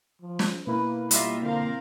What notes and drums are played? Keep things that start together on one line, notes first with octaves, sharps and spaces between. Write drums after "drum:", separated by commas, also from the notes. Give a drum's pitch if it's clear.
F3
drum: snare
B2 A#3 E4 B4
G3 F4 D#5 E5, drum: hi-hat
D3 C4 A#4 F5